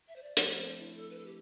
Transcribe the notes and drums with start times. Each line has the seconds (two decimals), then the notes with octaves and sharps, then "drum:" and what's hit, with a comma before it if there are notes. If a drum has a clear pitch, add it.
0.08 E5
0.16 C5
0.23 D5
0.37 F3 C5, drum: hi-hat
0.47 A3
0.57 C4
0.67 D4
0.81 E4
0.96 A4
1.10 B4
1.19 A4
1.26 G4